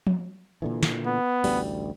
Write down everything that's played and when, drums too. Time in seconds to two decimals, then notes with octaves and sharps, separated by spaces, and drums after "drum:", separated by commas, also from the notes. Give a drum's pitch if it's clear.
0.07 drum: tom F3
0.62 A#2 D3 E3
0.83 drum: snare
1.06 B3
1.44 A1 D2 G3, drum: open hi-hat